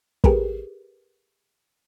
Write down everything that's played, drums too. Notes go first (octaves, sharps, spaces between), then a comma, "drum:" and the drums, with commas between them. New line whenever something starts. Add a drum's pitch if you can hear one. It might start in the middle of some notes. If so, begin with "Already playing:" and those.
G4 G#4 A#4 B4, drum: kick